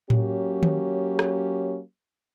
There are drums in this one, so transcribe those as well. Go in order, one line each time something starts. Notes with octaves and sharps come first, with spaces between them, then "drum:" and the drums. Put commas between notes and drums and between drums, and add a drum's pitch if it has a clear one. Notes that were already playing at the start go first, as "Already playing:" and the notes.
F#3 A#3 C#4 G4, drum: tom A2
drum: tom D#3
drum: rim click